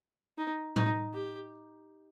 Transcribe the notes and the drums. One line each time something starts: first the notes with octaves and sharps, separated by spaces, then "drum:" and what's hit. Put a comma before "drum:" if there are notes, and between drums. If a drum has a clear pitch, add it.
D#4
D#4, drum: tom A2
G4